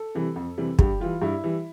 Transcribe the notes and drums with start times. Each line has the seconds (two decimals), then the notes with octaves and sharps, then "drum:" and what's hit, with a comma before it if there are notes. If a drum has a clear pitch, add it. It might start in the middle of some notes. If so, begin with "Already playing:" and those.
Already playing: A4
0.15 C3 E3 G3
0.36 F2
0.58 C3 E3 G3
0.79 G2 G4, drum: kick
1.00 E3 G3 F4
1.22 G2 E4
1.44 E3 G3